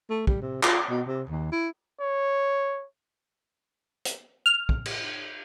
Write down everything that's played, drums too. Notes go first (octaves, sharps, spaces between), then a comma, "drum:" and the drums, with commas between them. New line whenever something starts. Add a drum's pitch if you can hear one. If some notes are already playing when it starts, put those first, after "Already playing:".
A3
G3, drum: kick
C3
F4, drum: clap
B2
C3
D#2
E4
C#5
drum: hi-hat
F6
drum: kick
drum: cymbal